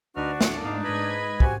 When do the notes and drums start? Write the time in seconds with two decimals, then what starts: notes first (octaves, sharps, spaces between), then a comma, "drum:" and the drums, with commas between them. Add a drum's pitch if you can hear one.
0.16 D2 D4 D#4 F#4 B4 F6
0.41 C#6, drum: snare
0.64 G#2 D#4 F5
0.84 G#2 B4 D#5 B5 G#6
1.40 C4 F#4 G4 G#5, drum: kick